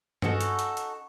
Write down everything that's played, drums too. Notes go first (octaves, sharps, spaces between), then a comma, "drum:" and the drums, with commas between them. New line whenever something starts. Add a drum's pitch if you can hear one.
C#4 D#4 F#4 A4, drum: tom G2
drum: hi-hat
drum: hi-hat
drum: hi-hat